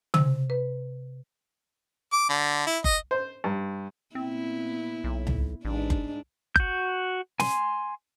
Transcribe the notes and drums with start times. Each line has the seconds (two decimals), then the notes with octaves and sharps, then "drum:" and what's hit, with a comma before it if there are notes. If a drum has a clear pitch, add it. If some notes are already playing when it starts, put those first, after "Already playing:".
0.14 C3, drum: tom C#3
0.50 B4
2.12 D6
2.29 D3
2.66 E4
2.84 D#5, drum: kick F#1
3.11 C5
3.44 G2
4.15 A#2 B3 C4 E4
5.04 B1
5.27 drum: tom C#2
5.65 A1 G#2 D4
5.90 drum: kick F#1
6.56 F#4 G6, drum: kick F#1
7.40 G#5 C6, drum: snare